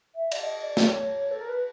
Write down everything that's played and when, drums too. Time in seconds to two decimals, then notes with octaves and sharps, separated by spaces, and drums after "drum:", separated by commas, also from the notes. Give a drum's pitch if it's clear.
0.15 E5
0.31 D5, drum: cymbal
0.40 F5
0.43 D#5
0.63 D5
0.77 drum: snare
0.86 C#5
1.31 A4
1.40 A#4
1.48 B4